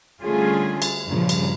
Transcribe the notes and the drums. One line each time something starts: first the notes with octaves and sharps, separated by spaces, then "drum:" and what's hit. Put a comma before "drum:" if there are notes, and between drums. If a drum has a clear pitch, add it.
D3 G3 A3 C#4 F4 G#4
drum: cymbal
G2 A#2 C#3 F3
drum: cymbal